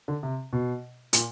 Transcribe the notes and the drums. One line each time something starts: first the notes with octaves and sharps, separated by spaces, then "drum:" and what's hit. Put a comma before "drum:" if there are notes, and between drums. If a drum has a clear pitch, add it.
D3
C3
B2
A#2, drum: hi-hat